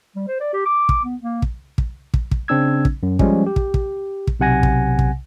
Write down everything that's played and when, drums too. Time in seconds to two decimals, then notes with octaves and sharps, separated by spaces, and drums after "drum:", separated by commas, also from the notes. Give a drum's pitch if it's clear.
0.16 G3
0.28 C5
0.40 D5
0.53 G4
0.66 D6
0.89 drum: kick
1.04 B3
1.23 A#3
1.42 drum: kick
1.78 drum: kick
2.14 drum: kick
2.31 drum: kick
2.48 C#3 C4 D4 E6 G#6
2.85 drum: kick
3.03 F#2
3.19 F3 G3 G#3 C#4, drum: kick
3.46 G4
3.56 drum: kick
3.74 drum: kick
4.27 drum: kick
4.40 B1 C3 F#5 G#5 A#6
4.63 drum: kick
4.99 drum: kick